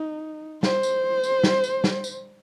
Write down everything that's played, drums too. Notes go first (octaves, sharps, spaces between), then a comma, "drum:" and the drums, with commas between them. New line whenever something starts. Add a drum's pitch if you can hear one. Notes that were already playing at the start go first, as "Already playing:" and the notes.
Already playing: D#4
C5, drum: snare
drum: tambourine
drum: tambourine
drum: snare
drum: tambourine
drum: snare
drum: tambourine